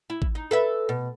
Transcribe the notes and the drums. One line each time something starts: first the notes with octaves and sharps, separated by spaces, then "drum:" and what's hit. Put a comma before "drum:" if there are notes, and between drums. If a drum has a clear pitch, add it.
E4
drum: kick
D#4
A4 B4 E5
B2